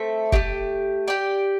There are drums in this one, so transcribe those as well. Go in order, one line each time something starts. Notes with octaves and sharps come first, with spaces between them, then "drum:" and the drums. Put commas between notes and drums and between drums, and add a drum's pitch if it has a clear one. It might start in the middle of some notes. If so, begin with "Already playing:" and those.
Already playing: A3 C4 A4 E5
A3 D4 G4, drum: kick
G4 D5 G5